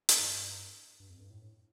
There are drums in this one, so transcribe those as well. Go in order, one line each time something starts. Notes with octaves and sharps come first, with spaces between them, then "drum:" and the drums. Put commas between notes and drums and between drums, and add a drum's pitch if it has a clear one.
drum: hi-hat
G2
G2
F2
G2
A2